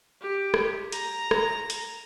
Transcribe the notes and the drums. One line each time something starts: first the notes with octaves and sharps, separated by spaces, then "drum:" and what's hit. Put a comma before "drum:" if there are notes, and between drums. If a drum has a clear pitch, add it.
G4
drum: rim click
A#5, drum: hi-hat
drum: rim click
drum: hi-hat